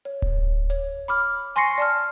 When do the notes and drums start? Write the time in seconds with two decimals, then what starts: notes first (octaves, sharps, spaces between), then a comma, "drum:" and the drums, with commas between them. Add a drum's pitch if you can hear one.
0.05 C#5
0.22 drum: kick D1
0.70 C#5, drum: hi-hat
1.08 B5 D6 F6
1.56 G#5 C6 C#6 A#6 C7 C#7
1.78 D5 A5 F6